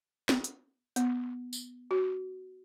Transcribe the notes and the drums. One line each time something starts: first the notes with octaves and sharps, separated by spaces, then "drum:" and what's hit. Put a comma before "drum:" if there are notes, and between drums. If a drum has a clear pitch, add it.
drum: snare
drum: hi-hat
B3, drum: hi-hat
drum: tambourine
F#4